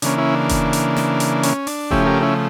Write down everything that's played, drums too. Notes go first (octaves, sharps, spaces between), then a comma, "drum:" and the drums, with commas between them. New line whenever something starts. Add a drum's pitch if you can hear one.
C#3 E3 A#3 C#4 D4, drum: hi-hat
C#4 E4
D4
drum: kick F1, hi-hat
drum: hi-hat
drum: snare
drum: hi-hat
C#4, drum: hi-hat
D4, drum: open hi-hat
C#3 F3 A3 C#4 E4 G4, drum: kick F1
G4 A#4
C#4 E4